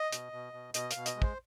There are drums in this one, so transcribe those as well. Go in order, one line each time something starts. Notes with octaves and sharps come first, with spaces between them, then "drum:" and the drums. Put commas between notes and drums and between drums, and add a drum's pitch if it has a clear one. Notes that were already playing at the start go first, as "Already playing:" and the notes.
Already playing: D#5
B2, drum: hi-hat
B2
B2
B2 D#5, drum: hi-hat
F5, drum: hi-hat
B2
D#5, drum: hi-hat
G#3
C5, drum: kick